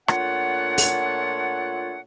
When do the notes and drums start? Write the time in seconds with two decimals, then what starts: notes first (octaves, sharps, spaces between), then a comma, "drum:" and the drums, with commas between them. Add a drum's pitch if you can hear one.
0.08 A#2 A3 D4 F4 C#5 F#5, drum: rim click
0.78 drum: open hi-hat